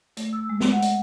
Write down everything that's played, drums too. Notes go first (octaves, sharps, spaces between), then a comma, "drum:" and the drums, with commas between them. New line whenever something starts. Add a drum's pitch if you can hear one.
A3, drum: hi-hat
E6
G#3
drum: snare
F#5
drum: hi-hat